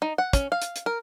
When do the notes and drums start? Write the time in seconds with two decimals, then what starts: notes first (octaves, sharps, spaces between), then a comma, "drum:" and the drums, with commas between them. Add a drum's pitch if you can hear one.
0.02 D#4
0.18 F#5
0.33 C#4, drum: kick, hi-hat
0.52 F5
0.62 drum: hi-hat
0.76 drum: hi-hat
0.86 A#4